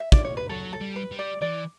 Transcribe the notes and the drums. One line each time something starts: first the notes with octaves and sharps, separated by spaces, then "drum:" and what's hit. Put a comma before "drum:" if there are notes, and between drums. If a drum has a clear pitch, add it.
E5
D5, drum: kick
C#5
B4
F#3 A4
A4
G3
B4
G3
D5
E3 D5